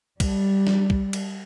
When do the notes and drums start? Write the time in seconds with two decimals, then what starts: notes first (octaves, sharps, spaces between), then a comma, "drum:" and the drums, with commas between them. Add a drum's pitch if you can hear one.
0.20 G3, drum: kick, cymbal
0.67 drum: snare
0.90 drum: kick
1.13 drum: cymbal